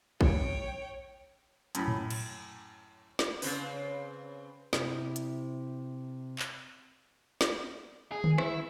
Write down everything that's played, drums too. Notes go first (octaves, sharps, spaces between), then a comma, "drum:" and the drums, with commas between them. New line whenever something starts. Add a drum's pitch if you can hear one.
C#5 G5, drum: kick
F#2 A2 B5, drum: hi-hat
drum: tom A2
drum: cymbal
drum: snare
C#3 C4 B4, drum: open hi-hat
C3 E4, drum: snare
drum: hi-hat
drum: clap
drum: snare
G#4
drum: tom D3
E4, drum: rim click